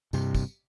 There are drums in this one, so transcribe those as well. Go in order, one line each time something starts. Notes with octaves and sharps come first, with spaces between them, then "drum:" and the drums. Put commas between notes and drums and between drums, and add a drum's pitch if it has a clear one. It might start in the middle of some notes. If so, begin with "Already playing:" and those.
G2 C3, drum: tambourine
drum: kick, tambourine